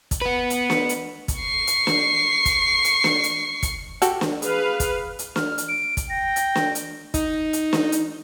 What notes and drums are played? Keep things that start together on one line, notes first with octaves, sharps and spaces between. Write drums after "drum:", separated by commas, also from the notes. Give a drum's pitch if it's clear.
drum: kick, hi-hat
B3 B4
drum: hi-hat
drum: snare
drum: hi-hat
drum: kick, hi-hat
C#6 C7
drum: hi-hat
drum: snare
drum: kick, hi-hat
drum: hi-hat
drum: snare
drum: hi-hat
drum: kick, hi-hat
F#4 G4 A4, drum: hi-hat
drum: snare
G#4 B4 F5, drum: hi-hat
drum: kick, hi-hat
drum: hi-hat
F6, drum: snare
drum: hi-hat
D7
drum: kick, hi-hat
G5 A#6
drum: hi-hat
drum: snare
drum: hi-hat
D#4, drum: kick, hi-hat
drum: hi-hat
drum: snare
drum: hi-hat